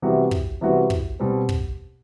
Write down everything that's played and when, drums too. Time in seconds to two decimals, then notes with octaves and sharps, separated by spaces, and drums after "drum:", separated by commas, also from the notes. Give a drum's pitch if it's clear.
0.02 C3 E3 G3 B3 F#4
0.31 drum: kick
0.61 C3 E3 G3 B3 F#4
0.90 drum: kick
1.20 B2 G3 C4
1.49 drum: kick